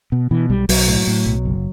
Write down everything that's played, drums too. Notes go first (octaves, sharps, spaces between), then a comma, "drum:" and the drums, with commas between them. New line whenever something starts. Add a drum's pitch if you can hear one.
B2
B2 E3
B1 G3
B1 F#3, drum: open hi-hat
A2
A2
B1
F#1